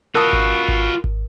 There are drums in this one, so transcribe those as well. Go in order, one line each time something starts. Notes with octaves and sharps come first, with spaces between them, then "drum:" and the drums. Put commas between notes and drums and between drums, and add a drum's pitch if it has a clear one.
F4 F#4 A#4 B4 A5 D#6
drum: kick G#1
drum: kick G#1
drum: kick G#1